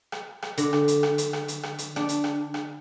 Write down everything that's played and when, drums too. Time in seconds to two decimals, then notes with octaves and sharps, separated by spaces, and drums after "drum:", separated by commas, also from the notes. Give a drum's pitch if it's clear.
0.12 drum: rim click
0.42 drum: rim click
0.58 D3, drum: hi-hat
0.73 drum: rim click
0.88 drum: hi-hat
1.03 drum: rim click
1.18 drum: hi-hat
1.33 drum: rim click
1.48 drum: hi-hat
1.63 drum: rim click
1.78 drum: hi-hat
1.96 D4, drum: rim click
2.09 drum: hi-hat
2.24 drum: rim click
2.54 drum: rim click